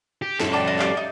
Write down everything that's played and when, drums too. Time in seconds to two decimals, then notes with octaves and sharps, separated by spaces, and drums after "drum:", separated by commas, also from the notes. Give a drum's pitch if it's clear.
0.22 G4
0.40 F#2 A4, drum: snare
0.53 D5 G5 A5 D6
0.68 D#5
0.79 G4 F5, drum: clap
0.97 D#4